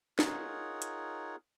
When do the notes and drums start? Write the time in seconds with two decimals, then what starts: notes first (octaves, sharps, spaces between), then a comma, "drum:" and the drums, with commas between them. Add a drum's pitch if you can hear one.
0.19 D#4 F4 G#4 A#4 C#5 F#5, drum: snare
0.82 drum: hi-hat